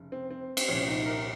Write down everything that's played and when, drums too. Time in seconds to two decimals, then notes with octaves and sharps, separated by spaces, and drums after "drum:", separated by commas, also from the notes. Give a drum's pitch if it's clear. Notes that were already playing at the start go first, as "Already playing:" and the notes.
Already playing: F1 C#3
0.12 C4
0.31 C4
0.57 C4, drum: cymbal
0.68 C2 A#2 F3 C#4
0.88 D#4
1.06 A#4